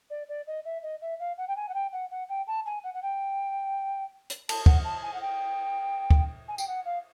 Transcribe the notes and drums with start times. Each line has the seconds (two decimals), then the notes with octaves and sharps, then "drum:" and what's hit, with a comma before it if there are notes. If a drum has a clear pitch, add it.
0.10 D5
0.29 D5
0.47 D#5
0.65 E5
0.83 D#5
1.02 E5
1.20 F5
1.38 F#5
1.48 G5
1.56 G#5
1.69 F#5
1.74 G5
1.93 F#5
2.11 F#5
2.29 G5
2.47 A5
2.66 G#5
2.84 F#5
2.94 F#5
3.03 G5
4.30 drum: hi-hat
4.49 A5, drum: cymbal
4.66 F#5, drum: kick
4.85 A5
5.03 G#5
5.14 F#5
5.21 G5
6.11 drum: kick
6.48 G#5
6.58 G5, drum: tambourine
6.68 F#5
6.86 F5